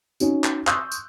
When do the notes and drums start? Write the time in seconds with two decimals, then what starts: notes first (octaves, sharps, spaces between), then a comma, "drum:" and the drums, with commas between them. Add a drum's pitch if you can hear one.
0.20 C#4 D#4 F#4, drum: tambourine
0.44 drum: clap
0.67 C6 C#6 D#6 E6 F#6 G6, drum: clap
0.92 drum: tambourine